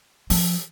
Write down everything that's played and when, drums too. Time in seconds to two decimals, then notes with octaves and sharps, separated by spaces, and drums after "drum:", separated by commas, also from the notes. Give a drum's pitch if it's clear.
0.30 F3, drum: open hi-hat